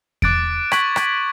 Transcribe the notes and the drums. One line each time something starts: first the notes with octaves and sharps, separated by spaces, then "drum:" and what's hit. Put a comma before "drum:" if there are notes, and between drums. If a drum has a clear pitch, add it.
D6 F#6 A6 D7, drum: kick E2
C#6 G#6 B6 F#7, drum: rim click
drum: rim click